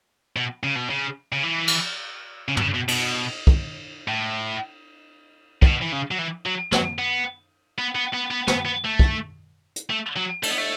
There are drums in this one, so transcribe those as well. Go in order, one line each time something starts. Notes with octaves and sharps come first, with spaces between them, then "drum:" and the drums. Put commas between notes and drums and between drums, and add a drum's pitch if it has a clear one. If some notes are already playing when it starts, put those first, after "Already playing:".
B2
C#3
B2
C#3
C#3
E3
drum: cymbal
C#3
B2, drum: tom
C#3
B2
B2, drum: cymbal
drum: kick
A2
A2, drum: kick
B2
E3
C#3
F#3
E3
F#3
F#3, drum: snare
B3
B3
B3
B3
B3
B3, drum: snare
B3
A3
drum: kick
drum: hi-hat
A3
F#3
A3, drum: cymbal
B3
A3